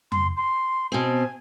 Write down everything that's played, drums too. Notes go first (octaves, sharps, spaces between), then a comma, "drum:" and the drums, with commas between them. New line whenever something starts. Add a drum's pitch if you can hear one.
C6, drum: tom F2
C6
B2 C4 G#5